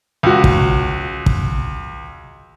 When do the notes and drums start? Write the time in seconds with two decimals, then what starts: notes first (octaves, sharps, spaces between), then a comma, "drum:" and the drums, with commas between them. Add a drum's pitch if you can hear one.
0.23 C#2 F#4
0.44 drum: kick
1.26 drum: kick